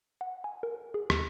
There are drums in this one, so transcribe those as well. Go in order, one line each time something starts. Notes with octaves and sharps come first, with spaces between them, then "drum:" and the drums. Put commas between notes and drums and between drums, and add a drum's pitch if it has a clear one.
F#5
G#5
A#4
G#4
D#2, drum: rim click